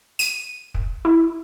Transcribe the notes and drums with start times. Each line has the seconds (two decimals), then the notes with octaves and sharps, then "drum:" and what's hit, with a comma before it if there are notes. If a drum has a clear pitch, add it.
0.19 D#7, drum: hi-hat
0.74 drum: kick
1.05 E4